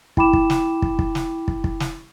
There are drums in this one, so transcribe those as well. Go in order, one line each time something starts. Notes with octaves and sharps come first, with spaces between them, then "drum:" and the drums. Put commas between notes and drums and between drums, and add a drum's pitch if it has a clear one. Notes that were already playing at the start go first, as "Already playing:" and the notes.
E4 G5 B5 D6 E7, drum: kick
drum: kick
drum: snare
drum: kick
drum: kick
drum: snare
drum: kick
drum: kick
drum: snare